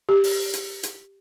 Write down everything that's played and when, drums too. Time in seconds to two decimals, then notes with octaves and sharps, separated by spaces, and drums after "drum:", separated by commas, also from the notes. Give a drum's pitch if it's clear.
0.09 G4
0.24 drum: open hi-hat
0.53 drum: hi-hat
0.83 drum: hi-hat